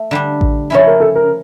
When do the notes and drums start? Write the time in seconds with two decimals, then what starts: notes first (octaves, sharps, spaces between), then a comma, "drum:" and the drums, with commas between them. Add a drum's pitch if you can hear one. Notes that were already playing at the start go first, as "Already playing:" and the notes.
Already playing: A3
0.11 D3 G3 D4
0.41 drum: kick A1
0.70 C#3 F3 C#4 E4 C#5
0.87 A#4
1.00 A4
1.15 A#4